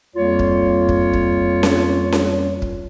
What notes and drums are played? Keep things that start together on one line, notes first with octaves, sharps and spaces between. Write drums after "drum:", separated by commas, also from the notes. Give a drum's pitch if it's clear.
F2 G3 A#3 F4 C#5
drum: kick
drum: kick
drum: kick
drum: snare C#4
drum: snare C#4
drum: kick